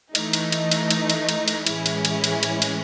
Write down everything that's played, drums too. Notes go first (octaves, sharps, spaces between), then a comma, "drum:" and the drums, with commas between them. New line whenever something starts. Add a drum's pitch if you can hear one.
E3 A3 D#4, drum: cymbal
drum: cymbal
drum: cymbal
drum: cymbal
drum: cymbal
drum: cymbal
drum: cymbal
drum: cymbal
A2 E3 G#3 C#4 E4, drum: cymbal
drum: cymbal
drum: cymbal
drum: cymbal
drum: cymbal
drum: cymbal